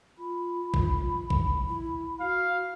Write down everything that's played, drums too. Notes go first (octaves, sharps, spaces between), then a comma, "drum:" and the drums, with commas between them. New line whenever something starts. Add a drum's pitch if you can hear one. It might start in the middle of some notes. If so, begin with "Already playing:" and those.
F4 B5
drum: kick A1
drum: kick A1
E4
F#4 F5